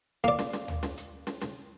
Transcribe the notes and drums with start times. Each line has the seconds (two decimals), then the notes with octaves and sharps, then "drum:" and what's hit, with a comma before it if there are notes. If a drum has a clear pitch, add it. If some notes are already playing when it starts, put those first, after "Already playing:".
0.24 A#3 D5
0.39 drum: snare
0.53 drum: snare
0.68 drum: tom
0.83 drum: snare
0.97 drum: hi-hat
1.27 drum: snare
1.42 drum: snare